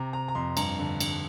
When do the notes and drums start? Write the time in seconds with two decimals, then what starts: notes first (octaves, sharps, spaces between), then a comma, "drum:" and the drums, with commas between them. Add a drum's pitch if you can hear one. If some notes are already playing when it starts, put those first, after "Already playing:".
Already playing: C3 A#5
0.13 C3 A#5
0.28 A#5
0.35 F2 C6
0.57 G2 A#5, drum: cymbal
0.79 D3
1.00 G2, drum: cymbal